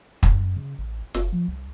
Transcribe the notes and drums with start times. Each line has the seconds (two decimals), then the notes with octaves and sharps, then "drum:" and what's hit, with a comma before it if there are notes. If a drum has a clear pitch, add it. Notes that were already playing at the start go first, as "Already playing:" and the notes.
0.23 F#2, drum: kick
0.56 C#3
0.79 A1
1.14 F#1, drum: snare
1.32 F3
1.48 C2